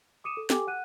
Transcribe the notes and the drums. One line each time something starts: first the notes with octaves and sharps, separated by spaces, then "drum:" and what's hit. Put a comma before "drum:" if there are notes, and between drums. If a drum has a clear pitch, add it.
D6 D#6 C#7 D#7 E7
A4
G4 A4 G5 G#5 D6, drum: snare
F#5 F#6 D#7